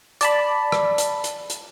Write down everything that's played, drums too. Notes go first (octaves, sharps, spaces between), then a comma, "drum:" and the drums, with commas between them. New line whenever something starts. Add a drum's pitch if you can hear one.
D5 A5 B5, drum: hi-hat
drum: rim click
drum: hi-hat
drum: hi-hat
drum: hi-hat